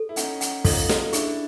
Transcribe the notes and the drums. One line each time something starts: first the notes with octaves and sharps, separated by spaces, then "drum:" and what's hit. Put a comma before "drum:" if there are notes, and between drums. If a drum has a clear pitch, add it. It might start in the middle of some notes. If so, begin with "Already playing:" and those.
Already playing: A4
E4
C#4 D#4 F#5, drum: hi-hat
F#5, drum: hi-hat
D#4 F4 A4, drum: kick, open hi-hat
A4, drum: snare
D4 E4 G#4, drum: hi-hat